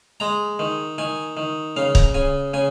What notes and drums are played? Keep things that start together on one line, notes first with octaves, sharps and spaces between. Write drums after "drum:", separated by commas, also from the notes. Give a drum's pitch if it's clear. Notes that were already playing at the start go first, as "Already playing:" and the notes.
G#3 A#5
D#3
D#3 G#5
D#3
C#3 F5
A#5, drum: kick
C#3 G#5
C#3 G#5